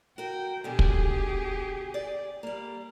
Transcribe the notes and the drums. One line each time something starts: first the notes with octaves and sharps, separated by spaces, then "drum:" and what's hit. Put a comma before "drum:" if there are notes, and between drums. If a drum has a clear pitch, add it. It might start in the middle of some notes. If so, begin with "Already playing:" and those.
F#4 A#4 G5
B2 D3 G4 G#4
drum: kick
D5
G3 A#3